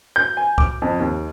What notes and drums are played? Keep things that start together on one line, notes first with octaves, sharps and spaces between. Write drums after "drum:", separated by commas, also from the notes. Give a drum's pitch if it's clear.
G6
G#5
D6, drum: kick C2
F2
D#2